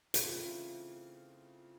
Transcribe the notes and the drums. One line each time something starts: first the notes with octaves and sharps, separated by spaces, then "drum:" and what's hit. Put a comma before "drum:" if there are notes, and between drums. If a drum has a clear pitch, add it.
drum: hi-hat
C#3 E3 A3 C4 F4